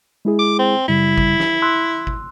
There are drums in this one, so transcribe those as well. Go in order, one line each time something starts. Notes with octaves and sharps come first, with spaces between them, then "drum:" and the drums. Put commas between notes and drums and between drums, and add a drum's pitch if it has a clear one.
G#3 E4 G#4
D6
C4
F#2 C#3 G3 E4
drum: kick G#1
drum: snare
C6 E6 F#6
drum: kick G#1